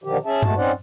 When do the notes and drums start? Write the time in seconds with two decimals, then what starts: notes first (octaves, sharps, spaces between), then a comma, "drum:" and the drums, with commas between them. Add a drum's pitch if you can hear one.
0.04 A#2 D3 D#3 F3 G4
0.26 C#4 G#4 E5 A5
0.42 B2 G#3 A3 F#4 A5, drum: tom G2
0.57 C4 C#4 D#4 C5 D5 F#5